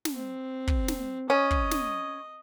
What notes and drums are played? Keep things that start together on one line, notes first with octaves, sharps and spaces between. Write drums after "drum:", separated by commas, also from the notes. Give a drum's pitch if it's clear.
drum: snare
C4
drum: kick
drum: snare
C#4 D#5
drum: kick
drum: snare